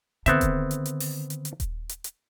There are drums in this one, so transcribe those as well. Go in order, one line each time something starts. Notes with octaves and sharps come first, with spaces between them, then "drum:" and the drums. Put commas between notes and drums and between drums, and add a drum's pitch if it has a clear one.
D3 D#3 B3 C4 E5, drum: hi-hat
drum: kick D#1, hi-hat
drum: hi-hat
drum: hi-hat
drum: open hi-hat
drum: hi-hat
drum: hi-hat
drum: kick D#1, hi-hat
drum: hi-hat
drum: hi-hat